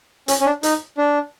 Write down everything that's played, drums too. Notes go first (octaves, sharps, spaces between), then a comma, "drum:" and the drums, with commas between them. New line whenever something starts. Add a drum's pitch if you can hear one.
C#4, drum: hi-hat
C#4
D4
D#4, drum: hi-hat
D4